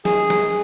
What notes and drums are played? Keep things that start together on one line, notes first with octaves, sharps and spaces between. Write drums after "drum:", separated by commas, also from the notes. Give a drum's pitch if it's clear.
G#4, drum: snare
drum: snare